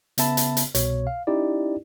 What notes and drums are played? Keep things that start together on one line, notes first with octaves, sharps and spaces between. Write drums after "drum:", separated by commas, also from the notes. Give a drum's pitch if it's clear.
C#3 B3 E5 A5 B5, drum: hi-hat
drum: hi-hat
drum: hi-hat
C2 B2 C#5, drum: hi-hat
F5
C#4 D#4 E4 G4 D5